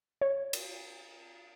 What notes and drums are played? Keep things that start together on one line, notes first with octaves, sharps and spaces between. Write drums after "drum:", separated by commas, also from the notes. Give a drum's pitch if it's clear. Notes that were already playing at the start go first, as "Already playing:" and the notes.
C#5
drum: cymbal